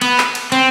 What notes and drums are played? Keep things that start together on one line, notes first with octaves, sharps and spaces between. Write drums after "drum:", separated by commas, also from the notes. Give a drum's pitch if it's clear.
B3, drum: cymbal
drum: clap
drum: cymbal
C4, drum: cymbal